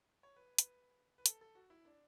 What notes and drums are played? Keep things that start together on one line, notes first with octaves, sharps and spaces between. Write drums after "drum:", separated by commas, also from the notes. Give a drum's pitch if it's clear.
C#5
B4
B4, drum: hi-hat
B4
A4, drum: hi-hat
A4
F#4
E4
D4